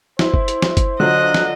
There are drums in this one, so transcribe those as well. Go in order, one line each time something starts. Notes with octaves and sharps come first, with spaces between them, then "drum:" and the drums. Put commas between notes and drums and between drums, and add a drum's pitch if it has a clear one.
E4 C5, drum: snare
drum: kick G1
drum: hi-hat
drum: snare
drum: kick G1, hi-hat
D3 F#3 F4 D#5 F#6
drum: snare